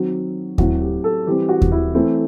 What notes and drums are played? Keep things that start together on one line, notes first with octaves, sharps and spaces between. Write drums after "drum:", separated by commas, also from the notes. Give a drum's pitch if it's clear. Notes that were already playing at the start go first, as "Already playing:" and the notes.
Already playing: D#3 F#3 C4 F#4
A2 F#3 C4 F#4, drum: kick D#2
G4
A4
E3 G3 C4 G4
F#4
drum: kick D#2
E4
E3 A3 C4 E4